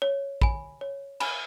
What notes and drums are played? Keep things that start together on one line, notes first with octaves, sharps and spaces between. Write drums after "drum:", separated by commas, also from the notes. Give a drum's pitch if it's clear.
C#5
G#5 B5, drum: kick
C#5
G#5 B5, drum: cymbal